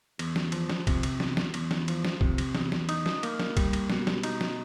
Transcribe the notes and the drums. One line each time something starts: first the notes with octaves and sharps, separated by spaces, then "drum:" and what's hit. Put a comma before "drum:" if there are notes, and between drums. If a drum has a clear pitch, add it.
E2, drum: cymbal
drum: snare
F3, drum: cymbal
drum: snare
C3, drum: kick, cymbal
drum: cymbal
E2, drum: snare
drum: snare
E2, drum: cymbal
drum: snare
F3, drum: cymbal
drum: snare
C3, drum: kick
drum: cymbal
E2, drum: snare
drum: snare
D#4, drum: cymbal
drum: snare
A#3, drum: cymbal
drum: snare
G3, drum: kick, cymbal
drum: cymbal
B2, drum: snare
drum: snare
D#4, drum: cymbal
drum: snare